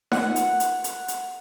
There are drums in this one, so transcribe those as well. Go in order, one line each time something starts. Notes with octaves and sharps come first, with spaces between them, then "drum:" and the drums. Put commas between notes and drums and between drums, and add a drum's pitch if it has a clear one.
F#5, drum: snare D#4
drum: hi-hat
drum: hi-hat
drum: hi-hat
drum: hi-hat